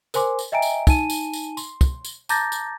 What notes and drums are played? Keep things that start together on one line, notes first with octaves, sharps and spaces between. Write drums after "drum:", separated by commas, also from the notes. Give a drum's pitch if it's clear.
A#4 C5 G#5 C6 D6, drum: tambourine
drum: tambourine
D#5 E5 G5 G#5 A#5 D7
drum: tambourine
D#4 G#5 A5 D#7, drum: kick, tambourine
drum: tambourine
drum: tambourine
C6, drum: tambourine
drum: kick, tambourine
drum: tambourine
A5 A#5 D6 G6 A6 A#6, drum: tambourine
drum: tambourine